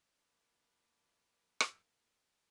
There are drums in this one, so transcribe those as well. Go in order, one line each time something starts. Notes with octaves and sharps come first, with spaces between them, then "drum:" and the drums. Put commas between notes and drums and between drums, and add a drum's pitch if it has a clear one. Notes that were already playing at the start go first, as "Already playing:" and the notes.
F3 A#3 D4 B4
drum: rim click